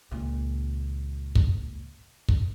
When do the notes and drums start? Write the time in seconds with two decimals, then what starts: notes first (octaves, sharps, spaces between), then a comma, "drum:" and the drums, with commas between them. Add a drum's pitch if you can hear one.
0.11 C#2 A#2
1.35 drum: kick
2.29 drum: kick